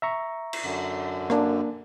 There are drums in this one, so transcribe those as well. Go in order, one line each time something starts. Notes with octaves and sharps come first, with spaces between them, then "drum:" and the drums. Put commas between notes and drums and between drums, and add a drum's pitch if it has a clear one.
E5 A#5 C#6
drum: cymbal
F#2 D3
A#3 D4, drum: rim click